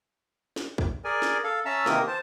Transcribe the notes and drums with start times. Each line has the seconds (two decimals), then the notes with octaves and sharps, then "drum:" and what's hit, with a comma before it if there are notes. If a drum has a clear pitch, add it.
0.56 drum: snare
0.78 drum: kick
1.04 G#4 A#4 D5 G#5
1.22 drum: snare
1.44 A4 F5
1.65 C#4 E5 A5 A#5 E6
1.86 C3 D#3 E3 A#3 A#4 D#6, drum: snare
2.07 C5 A5